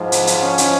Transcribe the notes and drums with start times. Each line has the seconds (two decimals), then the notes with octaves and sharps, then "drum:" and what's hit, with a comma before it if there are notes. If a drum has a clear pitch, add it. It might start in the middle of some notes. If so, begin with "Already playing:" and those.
Already playing: G#2 F3
0.12 drum: hi-hat
0.27 drum: hi-hat
0.43 C#4
0.58 drum: hi-hat